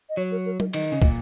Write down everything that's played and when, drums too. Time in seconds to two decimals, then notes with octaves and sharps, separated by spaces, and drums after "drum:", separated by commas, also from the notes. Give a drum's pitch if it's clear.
0.09 D#5
0.17 F#3 C#5
0.32 A#4
0.46 A#4
0.60 A#4, drum: tom F#3
0.73 D#3 D#5, drum: cymbal
0.92 C#3
1.02 A#2, drum: kick